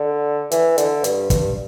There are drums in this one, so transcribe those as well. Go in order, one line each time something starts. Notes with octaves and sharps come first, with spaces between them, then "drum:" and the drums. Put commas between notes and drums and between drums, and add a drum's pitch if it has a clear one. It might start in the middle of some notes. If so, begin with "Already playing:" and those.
Already playing: D3
E3, drum: hi-hat
D3, drum: hi-hat
G2, drum: hi-hat
G2, drum: kick, hi-hat